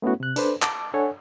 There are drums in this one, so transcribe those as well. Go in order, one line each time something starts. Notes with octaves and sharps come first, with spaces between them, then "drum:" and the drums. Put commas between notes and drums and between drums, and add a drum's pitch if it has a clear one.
A3 B3 C#4 E4 F#4
C3 F#6
D4 A4 B4 C5 D5, drum: hi-hat
A5 D6, drum: clap
D4 A4 C#5 F#5 G#5